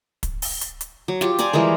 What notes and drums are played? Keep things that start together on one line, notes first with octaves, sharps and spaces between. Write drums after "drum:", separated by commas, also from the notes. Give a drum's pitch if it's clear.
drum: kick, hi-hat
drum: open hi-hat
drum: hi-hat
drum: hi-hat
F#3
F4 G4, drum: snare
C5 D5 G#5 A#5, drum: hi-hat
E3 G3 G#3 A#4